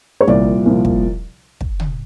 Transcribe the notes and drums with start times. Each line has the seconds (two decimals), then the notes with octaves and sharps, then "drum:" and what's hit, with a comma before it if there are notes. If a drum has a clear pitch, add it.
0.21 C#5
0.28 C2 A#2 F3 D5, drum: tom
0.66 C2 A#2 F3
0.85 drum: kick
1.61 drum: kick
1.80 drum: tom